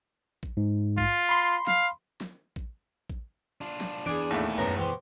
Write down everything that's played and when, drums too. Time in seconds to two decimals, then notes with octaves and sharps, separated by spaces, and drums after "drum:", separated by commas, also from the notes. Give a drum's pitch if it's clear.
0.43 drum: kick A1
0.57 G#2
0.98 F4, drum: kick A1
1.29 B5 C6
1.67 F5, drum: snare
2.21 drum: snare
2.56 drum: kick A1
3.10 drum: kick A1
3.61 D4 F4
3.81 drum: snare
4.06 E2 D4 G#4 D7
4.31 D#2 A2 A3
4.58 F#2 B3 A#4
4.77 B2 G4 C5